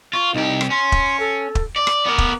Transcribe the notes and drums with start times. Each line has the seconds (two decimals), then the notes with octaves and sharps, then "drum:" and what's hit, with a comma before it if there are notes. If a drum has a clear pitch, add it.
0.13 F4 C#6
0.34 C2 D#4 G4
0.61 drum: rim click
0.70 C#4 C6
0.92 drum: kick
1.20 A4
1.55 drum: kick
1.76 D5 D6
1.87 drum: rim click
2.06 B3 A#4
2.18 drum: kick